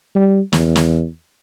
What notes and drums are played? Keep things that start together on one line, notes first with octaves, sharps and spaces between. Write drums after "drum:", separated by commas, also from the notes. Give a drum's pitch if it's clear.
G3
E2, drum: snare
drum: snare